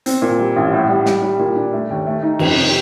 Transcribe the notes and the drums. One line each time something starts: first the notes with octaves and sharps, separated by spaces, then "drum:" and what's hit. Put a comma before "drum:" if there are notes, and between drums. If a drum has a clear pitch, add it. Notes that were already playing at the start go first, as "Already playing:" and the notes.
C4, drum: hi-hat
A#2
G3
A1
A2
G3
G3, drum: snare
G3
A#2
D4
A3
D#2
A3
D#4
F2, drum: cymbal
C3